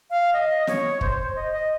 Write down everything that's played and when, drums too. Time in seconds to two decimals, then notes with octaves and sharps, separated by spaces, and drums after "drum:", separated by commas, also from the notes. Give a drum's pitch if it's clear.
0.10 F5
0.33 D#5
0.67 C#5, drum: snare
1.01 C5, drum: kick
1.18 C5
1.36 D#5
1.52 D#5